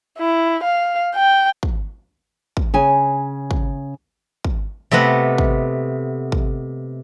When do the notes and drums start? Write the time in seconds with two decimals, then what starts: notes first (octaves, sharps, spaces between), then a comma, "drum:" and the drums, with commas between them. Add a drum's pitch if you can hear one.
0.18 E4
0.64 F5
1.15 G5
1.63 drum: kick
2.57 drum: kick
2.74 C#3 G#5
3.51 drum: kick
4.44 drum: kick
4.91 C3 A3 B3 D#5 F#5
5.38 drum: kick
6.32 drum: kick